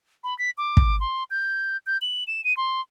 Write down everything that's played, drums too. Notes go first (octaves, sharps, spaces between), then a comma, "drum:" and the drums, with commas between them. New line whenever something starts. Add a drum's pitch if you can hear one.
B5
B6
D6
drum: kick
C6
G6
G6
F#7
E7
D#7
C6